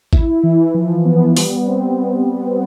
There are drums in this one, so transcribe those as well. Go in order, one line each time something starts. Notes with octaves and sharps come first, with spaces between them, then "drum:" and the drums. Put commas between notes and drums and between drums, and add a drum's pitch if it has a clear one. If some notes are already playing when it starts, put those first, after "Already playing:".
E4, drum: kick A1
E3
F3
B3
G3, drum: open hi-hat
C4